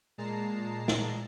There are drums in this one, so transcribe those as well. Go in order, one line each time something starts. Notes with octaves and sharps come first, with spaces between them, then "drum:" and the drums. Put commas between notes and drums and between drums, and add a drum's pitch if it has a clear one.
A#2 G#3 A5 A#5 C7
drum: snare